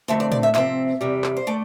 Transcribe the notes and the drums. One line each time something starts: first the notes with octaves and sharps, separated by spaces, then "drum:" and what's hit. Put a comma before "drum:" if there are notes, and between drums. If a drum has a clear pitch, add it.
F2 D3 A3 C4 E5
D5
D5, drum: tom
E5
C3 F3 C4 E5, drum: clap
E2 C3 G3
drum: clap
C5
D3 A3 D5